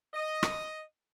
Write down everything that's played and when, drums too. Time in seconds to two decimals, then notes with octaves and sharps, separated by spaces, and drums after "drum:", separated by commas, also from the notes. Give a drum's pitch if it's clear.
0.14 D#5
0.43 drum: rim click